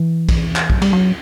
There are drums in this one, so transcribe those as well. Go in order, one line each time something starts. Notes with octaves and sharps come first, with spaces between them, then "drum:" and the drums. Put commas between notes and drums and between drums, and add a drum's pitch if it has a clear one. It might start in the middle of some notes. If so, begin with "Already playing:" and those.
Already playing: E3
drum: kick A#1, cymbal
drum: clap
F#3, drum: kick A#1
G3, drum: cymbal
F#3